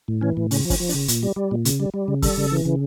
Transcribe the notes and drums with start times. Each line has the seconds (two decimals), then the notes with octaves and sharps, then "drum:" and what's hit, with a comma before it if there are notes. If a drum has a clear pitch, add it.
0.08 A2
0.21 E3 C#4
0.37 A2
0.51 C#3 C#4, drum: open hi-hat
0.65 F3
0.70 C#4, drum: kick, open hi-hat
0.80 F3
0.89 D4, drum: open hi-hat
0.94 C#3
1.08 A#2, drum: hi-hat
1.23 G3
1.36 G3
1.51 A#2
1.65 C#3, drum: hi-hat
1.80 G3
1.94 G3
2.08 C#3
2.22 G3 A4, drum: kick, open hi-hat
2.37 C#3
2.52 E3
2.65 C#3